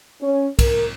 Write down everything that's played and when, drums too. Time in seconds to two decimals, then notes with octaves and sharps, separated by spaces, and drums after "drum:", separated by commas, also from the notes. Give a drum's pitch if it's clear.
0.22 C#4
0.59 A#4, drum: kick, cymbal